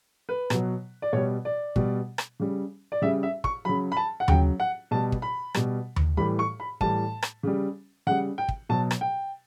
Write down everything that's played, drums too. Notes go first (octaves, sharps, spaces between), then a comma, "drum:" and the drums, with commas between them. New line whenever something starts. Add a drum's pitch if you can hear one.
B4
B2 F#3, drum: rim click
D5
B2 G3 C#5
D5
B2 G3, drum: kick
drum: rim click
C#3 G3
D5
C#3 G3 E5
E5
C#6, drum: kick
C#3 F#3 B5
B5
A5
F#5
C#3 F#3 G5, drum: tom D#2
F#5
B2 G3 A5
drum: kick
B5
B2 G3, drum: rim click
drum: tom D#2
A2 E3 G3 B5
C#6
B5
A2 E3 G3 A5, drum: kick
drum: rim click
C#3 G3
C#3 G3 F#5
G5
drum: kick
B2 F#3 A5
drum: rim click
G5